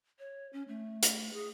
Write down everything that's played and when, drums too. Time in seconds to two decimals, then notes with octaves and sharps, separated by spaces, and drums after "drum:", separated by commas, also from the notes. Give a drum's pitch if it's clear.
0.19 C#5
0.53 C#4
0.68 A3
1.03 drum: hi-hat
1.33 G#4